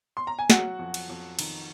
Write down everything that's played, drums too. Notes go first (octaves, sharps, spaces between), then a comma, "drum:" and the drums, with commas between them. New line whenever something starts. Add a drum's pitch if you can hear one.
C6
A#5
G#5
F#3 F#4 F#5, drum: snare
F2
drum: cymbal
F2
D#3, drum: cymbal